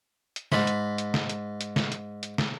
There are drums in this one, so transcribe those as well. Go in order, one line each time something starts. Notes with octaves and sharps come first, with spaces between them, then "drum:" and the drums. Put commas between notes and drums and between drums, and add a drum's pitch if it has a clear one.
drum: hi-hat
G#2 B5, drum: snare
drum: hi-hat
drum: hi-hat
drum: snare
drum: hi-hat
drum: hi-hat
drum: snare
drum: hi-hat
drum: hi-hat
drum: snare